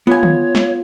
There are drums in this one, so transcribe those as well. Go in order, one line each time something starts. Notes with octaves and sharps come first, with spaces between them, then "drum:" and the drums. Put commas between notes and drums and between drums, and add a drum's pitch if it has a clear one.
B3 F4 C#5 G#5
drum: tom D3
drum: snare